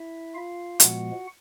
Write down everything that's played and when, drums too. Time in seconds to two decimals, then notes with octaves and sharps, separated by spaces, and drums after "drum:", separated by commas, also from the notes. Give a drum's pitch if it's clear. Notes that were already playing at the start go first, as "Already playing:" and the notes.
Already playing: E4 E5
0.35 F4 F5
0.80 A#2 F3 G#3 B3 F#4 F#5, drum: hi-hat